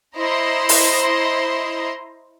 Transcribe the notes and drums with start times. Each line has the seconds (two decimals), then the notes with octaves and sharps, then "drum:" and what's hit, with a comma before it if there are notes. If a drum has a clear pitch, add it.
0.17 E4 C5 D#5 A#5 C6
0.69 drum: open hi-hat